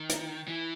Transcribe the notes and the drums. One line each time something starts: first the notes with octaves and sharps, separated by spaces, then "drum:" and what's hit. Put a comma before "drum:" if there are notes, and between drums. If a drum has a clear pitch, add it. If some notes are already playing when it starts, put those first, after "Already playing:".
Already playing: D#3
drum: hi-hat
E3